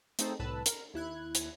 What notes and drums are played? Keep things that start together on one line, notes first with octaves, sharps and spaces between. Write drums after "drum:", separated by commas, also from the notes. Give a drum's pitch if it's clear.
A3 C4 D#4 G#4 A4 C5, drum: hi-hat
C2 A2 B4 A5 B5 E6
A#4, drum: hi-hat
D#2 E4 F#6 G#6
drum: hi-hat